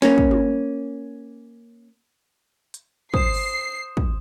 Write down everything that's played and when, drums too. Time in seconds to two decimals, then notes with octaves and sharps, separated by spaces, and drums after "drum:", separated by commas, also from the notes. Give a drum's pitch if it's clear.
0.02 A#3 C#4, drum: snare
0.18 drum: kick
0.31 drum: tom
2.74 drum: hi-hat
3.14 C5 D#6 C7 E7, drum: kick
3.34 drum: open hi-hat
3.97 drum: kick